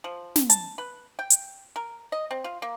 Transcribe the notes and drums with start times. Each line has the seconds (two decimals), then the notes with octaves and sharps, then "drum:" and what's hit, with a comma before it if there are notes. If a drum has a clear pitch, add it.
0.04 F3
0.36 drum: snare
0.50 A5, drum: hi-hat
0.78 B4
1.19 G5
1.30 drum: hi-hat
1.76 A#4
2.12 D#5
2.31 C4
2.44 F4
2.62 A#3